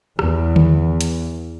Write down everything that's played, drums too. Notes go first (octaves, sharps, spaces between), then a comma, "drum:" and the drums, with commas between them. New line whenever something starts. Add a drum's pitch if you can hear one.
E2, drum: rim click
drum: tom D3
drum: hi-hat